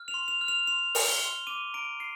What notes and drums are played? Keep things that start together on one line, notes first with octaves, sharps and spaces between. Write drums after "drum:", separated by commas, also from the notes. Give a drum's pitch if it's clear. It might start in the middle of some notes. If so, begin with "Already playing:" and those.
Already playing: F6
F7
C6
F7
F6
F7
C6 F7
F6, drum: open hi-hat
G7
C6
D6 D#7
A#5 D7
C7